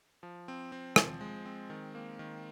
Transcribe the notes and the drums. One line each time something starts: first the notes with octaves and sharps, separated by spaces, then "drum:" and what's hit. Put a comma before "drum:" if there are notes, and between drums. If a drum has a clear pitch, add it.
F3
C4
C4
F3, drum: rim click
G#3
C4
D#3
A#3
D#3